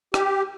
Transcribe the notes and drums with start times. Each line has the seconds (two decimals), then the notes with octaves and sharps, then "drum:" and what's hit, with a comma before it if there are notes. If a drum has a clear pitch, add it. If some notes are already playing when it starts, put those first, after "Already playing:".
0.14 G4, drum: rim click